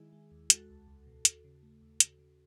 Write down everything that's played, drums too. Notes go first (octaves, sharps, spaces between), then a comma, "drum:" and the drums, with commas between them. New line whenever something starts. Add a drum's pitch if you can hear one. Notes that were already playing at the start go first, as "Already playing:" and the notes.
Already playing: D#3 G#3 E4 G#4
G#3
D#2
G#3 F#4 A4, drum: hi-hat
C#2
C#2
B2
D#2, drum: hi-hat
C#3
A3
D#2
C#3, drum: hi-hat
C#3